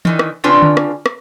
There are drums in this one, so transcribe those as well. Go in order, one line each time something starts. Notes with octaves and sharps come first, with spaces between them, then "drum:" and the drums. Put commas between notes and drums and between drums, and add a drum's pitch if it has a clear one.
D#3 E3, drum: tom E3
drum: rim click
C#3 C4 D4 F4 B4 G#5
drum: tom D3
drum: rim click
drum: rim click